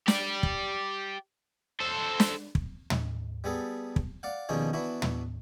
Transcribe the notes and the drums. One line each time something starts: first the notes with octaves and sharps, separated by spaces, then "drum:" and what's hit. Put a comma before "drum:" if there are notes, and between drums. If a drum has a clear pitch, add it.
G4 D5, drum: snare
drum: kick
A4 C5
drum: snare
drum: kick
drum: tom
G3 B3 G#4 A4
drum: kick
D5 F5 F#5
D#2 B2 F3 C#4 D4 G#4
E3 B3 D4 E4 F#4
drum: tom